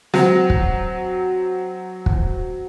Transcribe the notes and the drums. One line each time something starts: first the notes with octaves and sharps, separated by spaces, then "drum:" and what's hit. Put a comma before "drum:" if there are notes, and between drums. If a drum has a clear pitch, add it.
F#3 C4, drum: snare
drum: kick
drum: kick